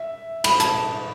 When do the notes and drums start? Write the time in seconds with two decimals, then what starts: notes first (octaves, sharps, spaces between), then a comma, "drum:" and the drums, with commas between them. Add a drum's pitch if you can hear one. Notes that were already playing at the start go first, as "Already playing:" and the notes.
Already playing: E5
0.44 B5, drum: cymbal
0.60 A5, drum: hi-hat